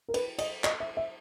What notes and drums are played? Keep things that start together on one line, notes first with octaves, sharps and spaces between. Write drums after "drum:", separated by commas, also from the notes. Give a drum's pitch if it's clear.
A#4
B4, drum: cymbal
D#5, drum: cymbal
D#5, drum: clap
E5
E5